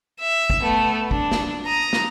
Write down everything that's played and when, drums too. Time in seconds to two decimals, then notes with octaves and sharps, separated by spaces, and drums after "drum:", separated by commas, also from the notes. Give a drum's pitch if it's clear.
0.20 E5
0.50 drum: kick
0.63 A3 B3
1.11 D4, drum: kick
1.32 drum: snare
1.66 A#5 D#6
1.93 drum: snare